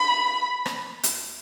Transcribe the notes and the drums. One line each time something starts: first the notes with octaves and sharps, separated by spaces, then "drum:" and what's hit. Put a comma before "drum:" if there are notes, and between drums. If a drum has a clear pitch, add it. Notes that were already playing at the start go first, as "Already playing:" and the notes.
Already playing: B5
drum: rim click
drum: hi-hat